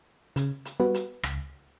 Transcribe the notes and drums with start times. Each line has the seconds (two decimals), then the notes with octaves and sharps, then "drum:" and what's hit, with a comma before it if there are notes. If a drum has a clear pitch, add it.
0.36 C#3, drum: hi-hat
0.65 drum: hi-hat
0.80 G3 B3 F#4 B4
0.94 drum: hi-hat
1.23 C#2, drum: rim click